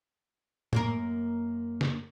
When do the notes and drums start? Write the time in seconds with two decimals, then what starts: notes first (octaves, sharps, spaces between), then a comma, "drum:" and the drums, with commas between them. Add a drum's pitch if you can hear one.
0.73 F#2 A#3 A#4, drum: tom A2
1.81 drum: snare